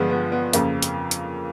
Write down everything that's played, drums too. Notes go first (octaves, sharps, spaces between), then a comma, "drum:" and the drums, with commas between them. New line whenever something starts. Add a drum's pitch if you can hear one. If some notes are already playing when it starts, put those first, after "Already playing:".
Already playing: G2 D3 F3 G#3 B3
B3
B3
F2 C#3 F3 A#3, drum: hi-hat
drum: hi-hat
drum: hi-hat